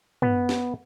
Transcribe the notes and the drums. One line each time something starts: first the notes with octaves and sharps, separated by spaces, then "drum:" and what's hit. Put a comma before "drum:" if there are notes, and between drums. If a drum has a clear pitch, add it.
B3, drum: tom
drum: snare